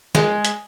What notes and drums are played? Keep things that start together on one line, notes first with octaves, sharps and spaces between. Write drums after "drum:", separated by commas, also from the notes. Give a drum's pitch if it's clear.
G#3, drum: snare
drum: hi-hat